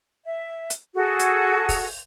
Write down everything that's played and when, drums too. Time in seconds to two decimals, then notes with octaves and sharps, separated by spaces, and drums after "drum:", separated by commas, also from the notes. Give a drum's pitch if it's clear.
0.24 E5
0.70 drum: hi-hat
0.95 F#4 G#4 A4
1.19 drum: hi-hat
1.69 drum: kick, open hi-hat